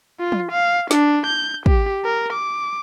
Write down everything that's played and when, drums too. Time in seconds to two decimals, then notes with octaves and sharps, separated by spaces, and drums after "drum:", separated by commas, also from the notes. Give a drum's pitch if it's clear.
0.20 F4
0.32 drum: tom
0.52 F5
0.91 D4, drum: snare
1.26 G6
1.66 G4, drum: kick
2.05 A#4
2.33 D6